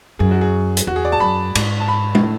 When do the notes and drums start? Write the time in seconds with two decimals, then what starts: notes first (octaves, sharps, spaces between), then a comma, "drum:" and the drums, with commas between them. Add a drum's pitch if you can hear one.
0.19 F#2 G#4
0.31 F#4
0.41 G#4
0.77 drum: hi-hat
0.87 E2 F#4
0.96 G#4
1.05 D5
1.12 A5
1.20 F#2 B5
1.55 G#2, drum: cymbal
1.80 A5
1.88 B5
2.15 B2, drum: tom G#3
2.23 A2